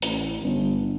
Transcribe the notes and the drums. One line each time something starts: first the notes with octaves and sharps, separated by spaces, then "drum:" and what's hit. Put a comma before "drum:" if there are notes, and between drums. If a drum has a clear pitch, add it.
A1, drum: hi-hat
G1